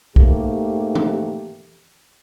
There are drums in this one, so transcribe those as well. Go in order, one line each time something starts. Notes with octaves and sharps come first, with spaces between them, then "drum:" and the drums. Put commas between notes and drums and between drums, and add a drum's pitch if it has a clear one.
G#2 A3 A#3 G4, drum: kick B1
drum: tom